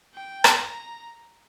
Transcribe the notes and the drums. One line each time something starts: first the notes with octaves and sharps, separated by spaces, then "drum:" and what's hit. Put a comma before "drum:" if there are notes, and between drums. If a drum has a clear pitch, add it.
G5
A#5, drum: rim click